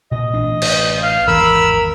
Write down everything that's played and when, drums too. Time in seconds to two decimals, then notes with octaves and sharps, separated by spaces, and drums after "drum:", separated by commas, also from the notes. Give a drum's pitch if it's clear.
0.11 A#2 D#5
0.33 A1 D4
0.62 drum: cymbal
1.02 F5
1.28 G#1 E2 A#4 B5 E6